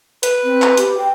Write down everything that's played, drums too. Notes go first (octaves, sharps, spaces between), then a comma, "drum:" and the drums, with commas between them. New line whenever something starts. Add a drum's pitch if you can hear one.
B4, drum: hi-hat
C4
drum: clap
G4, drum: hi-hat
G5